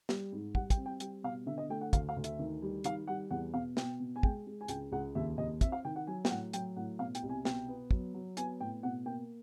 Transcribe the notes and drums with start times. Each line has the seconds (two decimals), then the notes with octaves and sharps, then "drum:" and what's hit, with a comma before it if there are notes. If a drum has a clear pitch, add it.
0.09 G3, drum: snare
0.32 G#2
0.55 G3 F#5, drum: kick
0.70 G5, drum: kick, hi-hat
0.77 C4
0.86 G5
1.00 G3 G5, drum: hi-hat
1.23 B2 F5
1.46 D3 E5
1.58 D#5
1.70 A3 G5
1.81 F#5
1.93 D2 F5, drum: kick, hi-hat
2.09 F5
2.16 D2
2.24 E5, drum: hi-hat
2.39 D#3
2.62 G3
2.84 D#3 F5, drum: hi-hat
3.07 G3 F#5
3.31 E2 F#5
3.53 B2 F5
3.77 B2 G5, drum: snare
4.00 B2
4.16 G#5
4.23 G#3 G5, drum: kick
4.47 G#3
4.61 G#5
4.68 C#2 G5, drum: hi-hat
4.92 C#2 F#5
5.15 D#2 E5
5.38 D#2 D#5
5.61 C4 E5, drum: kick, hi-hat
5.72 F5
5.85 D#3 G5
5.96 F#5
6.07 F#3 G#5
6.25 G5, drum: snare
6.30 A2 F#5
6.53 F#3 G5, drum: hi-hat
6.76 A2 F#5
6.99 B2 F5
7.15 G5, drum: hi-hat
7.23 C2
7.30 G#5
7.45 B2 G5, drum: snare
7.68 B3
7.91 F#3, drum: kick
8.14 F#3
8.37 B3 G#5, drum: hi-hat
8.60 A2 G5
8.83 B2 F#5
9.06 A#3 G5